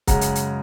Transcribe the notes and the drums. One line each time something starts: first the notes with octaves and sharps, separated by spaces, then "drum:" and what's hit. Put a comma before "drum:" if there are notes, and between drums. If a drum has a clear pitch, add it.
F#2 C#3 G#3 F#5 A#5, drum: kick C#1, hi-hat
drum: hi-hat
drum: hi-hat